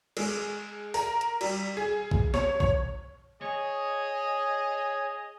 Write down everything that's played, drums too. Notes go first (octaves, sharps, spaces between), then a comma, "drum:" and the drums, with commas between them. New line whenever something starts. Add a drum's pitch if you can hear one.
G#3, drum: cymbal
A#4, drum: open hi-hat
drum: hi-hat
G3, drum: cymbal
G#4
drum: kick A#1
C#5, drum: snare
C#5, drum: kick A#1
G#4 C#5 D#5